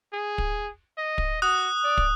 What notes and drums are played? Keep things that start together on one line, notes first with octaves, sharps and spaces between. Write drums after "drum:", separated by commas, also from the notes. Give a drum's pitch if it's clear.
G#4
drum: kick
D#5
drum: kick
F#4 D#6 F#6
D5
drum: kick